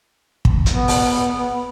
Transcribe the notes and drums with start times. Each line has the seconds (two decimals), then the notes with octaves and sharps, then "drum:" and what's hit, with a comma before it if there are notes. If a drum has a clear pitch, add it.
0.45 drum: kick
0.66 B3, drum: hi-hat
0.88 drum: open hi-hat